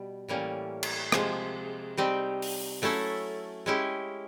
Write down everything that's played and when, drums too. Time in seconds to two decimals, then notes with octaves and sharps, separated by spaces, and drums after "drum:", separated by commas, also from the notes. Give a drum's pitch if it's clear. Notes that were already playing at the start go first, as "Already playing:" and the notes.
Already playing: B2 G3
0.28 A2 E3 G3 A#3 C#4
0.83 drum: cymbal
1.12 C3 F3 G#3, drum: rim click
1.97 G3 C4 D#4 G4
2.42 drum: open hi-hat
2.82 F#3 A3 C#4 E4 A4
3.66 G#3 C#4 E4 G4